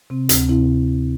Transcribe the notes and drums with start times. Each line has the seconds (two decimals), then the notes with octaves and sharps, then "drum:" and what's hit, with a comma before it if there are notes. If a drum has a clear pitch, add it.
0.10 C3 C4
0.29 D2 C4, drum: hi-hat
0.48 C3 C4 E4